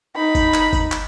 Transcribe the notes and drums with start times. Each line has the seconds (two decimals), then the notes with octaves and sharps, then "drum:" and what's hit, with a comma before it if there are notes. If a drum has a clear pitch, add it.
0.16 D#4 B5
0.35 drum: kick G1, tambourine
0.54 drum: clap
0.73 drum: kick G1, tambourine
0.92 drum: clap